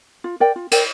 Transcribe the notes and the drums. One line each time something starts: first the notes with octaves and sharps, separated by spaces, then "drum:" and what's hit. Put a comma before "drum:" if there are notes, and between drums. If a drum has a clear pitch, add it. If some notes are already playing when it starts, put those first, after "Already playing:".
F4
A#4 D5 G5
F4
A#4 D5 G5, drum: cymbal